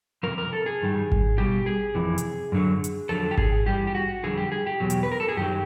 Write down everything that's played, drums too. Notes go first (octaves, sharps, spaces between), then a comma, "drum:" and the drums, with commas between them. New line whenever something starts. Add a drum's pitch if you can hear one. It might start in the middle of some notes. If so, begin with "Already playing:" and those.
F2 C3 F3 A#4
A#4
A4
G#4
G2 D#3 G3
drum: kick G#1
B2 G3 G4
G#4
F2 C3 E3
drum: hi-hat
F#2 D3 F#3
drum: hi-hat
F2 D3 F#3 A4
G4
G#4, drum: kick G#1
G2 E3 G3 G4
G4
F#4
F2 D3 G3 G#4
G4
G#4
G4
E2 B2 F#3
drum: hi-hat
B4
A#4
A4
G#4
F#2 D#3 F#3 G4